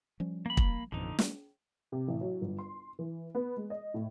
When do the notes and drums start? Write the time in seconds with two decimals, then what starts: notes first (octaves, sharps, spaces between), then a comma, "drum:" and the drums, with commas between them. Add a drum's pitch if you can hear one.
0.20 F3 G3 C#4
0.46 A#3 B5
0.57 drum: kick
0.92 A1 F2 B2 D3 D#4
1.19 drum: snare
1.92 C3
2.08 A1
2.21 F#3
2.41 G1
2.58 C6
2.99 E3
3.35 B3
3.57 G#3
3.70 D#5
3.94 A2